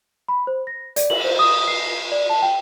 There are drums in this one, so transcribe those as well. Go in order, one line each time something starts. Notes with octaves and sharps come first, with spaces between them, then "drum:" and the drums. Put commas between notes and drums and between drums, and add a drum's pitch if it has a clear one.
B5
C5
A#6
D5, drum: hi-hat
F#7, drum: cymbal
C5
D#6
D#6
C7
D5
A5
G5